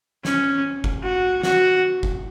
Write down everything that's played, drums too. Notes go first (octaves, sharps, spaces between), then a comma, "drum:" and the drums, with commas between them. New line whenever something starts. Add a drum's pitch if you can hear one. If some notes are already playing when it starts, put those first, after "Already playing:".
C#4, drum: snare
drum: kick G1
F#4
F#4, drum: snare
drum: kick G1